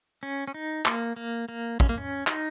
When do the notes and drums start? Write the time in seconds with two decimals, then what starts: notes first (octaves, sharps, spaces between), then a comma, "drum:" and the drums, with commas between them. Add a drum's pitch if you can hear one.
0.23 C#4
0.48 C#4
0.54 D#4
0.85 A#3, drum: clap
1.16 A#3
1.49 A#3
1.80 C#4, drum: kick
1.89 A#3
1.98 C#4
2.27 D#4, drum: clap